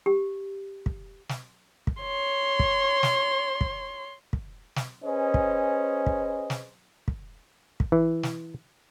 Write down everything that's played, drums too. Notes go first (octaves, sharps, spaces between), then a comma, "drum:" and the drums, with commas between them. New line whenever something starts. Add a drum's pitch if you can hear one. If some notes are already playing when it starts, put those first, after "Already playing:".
G4
drum: kick
drum: snare
drum: kick
C#5 C6
drum: kick
drum: snare
drum: kick
drum: kick
drum: snare
C#4 G#4 B4 C5 D#5
drum: kick
drum: kick
drum: snare
drum: kick
drum: kick
E3
drum: snare